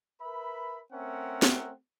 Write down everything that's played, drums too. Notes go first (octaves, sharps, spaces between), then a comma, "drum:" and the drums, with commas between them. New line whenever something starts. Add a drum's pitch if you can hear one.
A#4 B4 E5 B5
A3 C4 C#4 A#4 E5 F#5
drum: snare